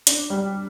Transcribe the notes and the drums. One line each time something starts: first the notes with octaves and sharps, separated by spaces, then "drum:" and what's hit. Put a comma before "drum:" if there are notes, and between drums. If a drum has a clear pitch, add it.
D4, drum: hi-hat
G3